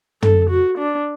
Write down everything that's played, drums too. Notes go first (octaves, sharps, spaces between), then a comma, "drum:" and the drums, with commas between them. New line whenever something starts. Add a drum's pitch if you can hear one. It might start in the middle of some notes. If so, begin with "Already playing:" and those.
A4, drum: tom
F#4
D4